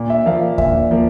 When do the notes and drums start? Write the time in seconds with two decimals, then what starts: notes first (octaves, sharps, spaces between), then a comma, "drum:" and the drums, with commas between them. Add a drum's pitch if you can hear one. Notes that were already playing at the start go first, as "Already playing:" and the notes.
Already playing: A#2
0.10 E5
0.26 F3 A#3 F5
0.58 A#2 E5, drum: kick D#2
0.91 F3 A#3